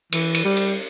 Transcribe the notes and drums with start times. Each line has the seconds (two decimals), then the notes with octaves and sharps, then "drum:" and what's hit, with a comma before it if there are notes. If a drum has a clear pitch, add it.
0.12 E3, drum: cymbal
0.34 drum: cymbal
0.45 G3
0.57 drum: cymbal